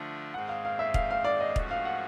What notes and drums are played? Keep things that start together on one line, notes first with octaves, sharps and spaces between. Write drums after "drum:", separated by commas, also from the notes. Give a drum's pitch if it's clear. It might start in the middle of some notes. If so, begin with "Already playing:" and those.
Already playing: D3 F3 A3 D4
G#2 D#3 G#3 C4 F#5
F5
F5
E5
F5, drum: kick
F5
D5
D#5
G#2 F3 A3 C#4 F#4, drum: kick
F5
F#5